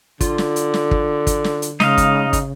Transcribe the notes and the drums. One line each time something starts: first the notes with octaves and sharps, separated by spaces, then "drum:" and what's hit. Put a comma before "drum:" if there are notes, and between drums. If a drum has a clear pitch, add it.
D3 F4, drum: kick, hi-hat
drum: snare
drum: hi-hat
drum: snare
drum: kick
drum: kick, hi-hat
drum: snare
drum: hi-hat
C#3 G#3 D#4 D#5 F5, drum: snare
drum: kick, hi-hat
drum: kick, hi-hat